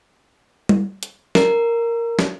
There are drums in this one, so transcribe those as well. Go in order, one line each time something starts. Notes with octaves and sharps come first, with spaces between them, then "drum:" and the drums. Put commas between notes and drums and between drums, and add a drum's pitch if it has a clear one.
drum: tom G3
drum: hi-hat
A#4, drum: snare
drum: snare